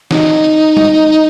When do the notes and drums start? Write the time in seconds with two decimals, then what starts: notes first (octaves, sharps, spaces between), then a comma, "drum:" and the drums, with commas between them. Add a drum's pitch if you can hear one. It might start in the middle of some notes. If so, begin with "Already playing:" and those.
0.11 D#4, drum: snare
0.77 drum: tom